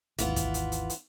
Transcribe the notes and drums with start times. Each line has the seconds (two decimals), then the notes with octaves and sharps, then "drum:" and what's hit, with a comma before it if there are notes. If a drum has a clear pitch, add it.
0.19 G#1 D#2 E3 B3 F4, drum: hi-hat
0.36 drum: kick, hi-hat
0.54 drum: hi-hat
0.72 drum: hi-hat
0.90 drum: hi-hat